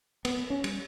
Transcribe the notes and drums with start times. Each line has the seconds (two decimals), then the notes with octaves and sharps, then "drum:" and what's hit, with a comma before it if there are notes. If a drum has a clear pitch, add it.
0.25 B3, drum: cymbal
0.50 C#4
0.64 G3, drum: cymbal